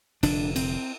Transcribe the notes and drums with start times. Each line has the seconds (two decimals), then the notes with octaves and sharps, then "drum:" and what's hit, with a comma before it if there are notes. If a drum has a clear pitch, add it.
0.23 F1 F2 D3 D4, drum: cymbal
0.56 C4, drum: cymbal